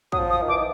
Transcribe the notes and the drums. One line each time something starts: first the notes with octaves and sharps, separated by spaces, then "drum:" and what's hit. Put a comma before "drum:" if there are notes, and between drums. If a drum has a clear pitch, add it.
F#3 D#6, drum: kick
F3
D#6
D#3
E3 D6
D#3